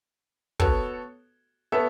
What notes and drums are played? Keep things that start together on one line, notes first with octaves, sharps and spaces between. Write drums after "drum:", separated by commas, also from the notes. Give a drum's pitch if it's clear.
B3 F#4 A4 C#5, drum: kick
B3 A4 C#5 E5